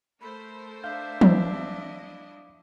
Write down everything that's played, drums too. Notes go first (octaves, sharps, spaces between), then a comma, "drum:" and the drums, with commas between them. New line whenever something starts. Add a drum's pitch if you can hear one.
A3 A#4 C5 B5
D4 E5 F5 G6
drum: tom E3
E4 D#5